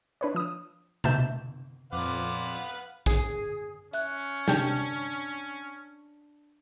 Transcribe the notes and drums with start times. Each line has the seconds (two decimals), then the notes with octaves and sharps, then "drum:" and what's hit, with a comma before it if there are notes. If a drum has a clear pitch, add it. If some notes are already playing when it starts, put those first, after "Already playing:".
0.21 D4 B4 C#5
0.35 F3 D#6
1.04 B2 B3 E5 A5 G6 E7, drum: tom C3
1.93 F2 A#2 B4 F5 F#5 D6
3.06 G#4, drum: kick
3.93 C#4 E5 F#6, drum: hi-hat
4.48 C3 D4 D5 G5 A5 G6, drum: snare